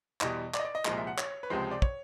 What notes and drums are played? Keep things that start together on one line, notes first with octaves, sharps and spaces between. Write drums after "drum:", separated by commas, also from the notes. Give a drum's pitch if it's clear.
E2 B2 G3 D#5, drum: clap
D5, drum: clap
D#5
D5
D#5
C2 A#2 F3 G#3 D#5, drum: clap
E5
F#5
C#5, drum: clap
B4
C#2 C3 F3 G#3 C5
D5
C#5, drum: kick